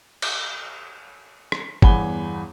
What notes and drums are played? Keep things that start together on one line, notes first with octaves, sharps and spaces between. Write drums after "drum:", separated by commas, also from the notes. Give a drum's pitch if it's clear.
drum: cymbal
drum: rim click
G1 E2 F#5 G#5 B5 G7, drum: kick